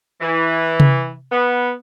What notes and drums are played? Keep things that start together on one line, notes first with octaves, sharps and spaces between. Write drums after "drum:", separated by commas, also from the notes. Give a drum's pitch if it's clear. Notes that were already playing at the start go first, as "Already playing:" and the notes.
E3
drum: tom C3
B3